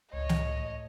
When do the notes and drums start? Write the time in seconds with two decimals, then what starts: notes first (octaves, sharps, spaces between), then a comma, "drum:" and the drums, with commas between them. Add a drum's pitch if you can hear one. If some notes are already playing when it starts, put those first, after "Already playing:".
0.13 C#2 A2 C#5 D#5
0.29 drum: snare